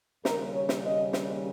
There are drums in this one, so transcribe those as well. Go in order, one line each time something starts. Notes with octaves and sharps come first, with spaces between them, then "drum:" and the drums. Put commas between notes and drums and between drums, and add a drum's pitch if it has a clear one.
D#2 C#3 G3 A#4, drum: snare
C#5
drum: snare
D#5
drum: snare